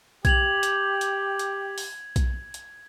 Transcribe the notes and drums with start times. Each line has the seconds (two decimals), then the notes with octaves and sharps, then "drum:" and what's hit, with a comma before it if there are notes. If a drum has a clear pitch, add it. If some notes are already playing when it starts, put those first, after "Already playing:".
0.25 G4 G#6 F7 F#7, drum: kick B1, hi-hat
0.63 drum: hi-hat
1.01 drum: hi-hat
1.39 drum: hi-hat
1.78 drum: open hi-hat
2.16 drum: kick B1, hi-hat
2.54 drum: hi-hat